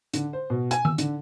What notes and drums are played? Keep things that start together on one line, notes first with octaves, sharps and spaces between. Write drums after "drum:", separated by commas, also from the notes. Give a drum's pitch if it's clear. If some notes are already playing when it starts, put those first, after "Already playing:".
D3, drum: hi-hat
C5
B2
G#5, drum: hi-hat
E6, drum: tom D#3
D3, drum: hi-hat